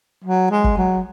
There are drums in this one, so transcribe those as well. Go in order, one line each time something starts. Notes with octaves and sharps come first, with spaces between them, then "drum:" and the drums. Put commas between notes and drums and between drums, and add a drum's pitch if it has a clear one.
F#3
G#3
drum: kick
F#3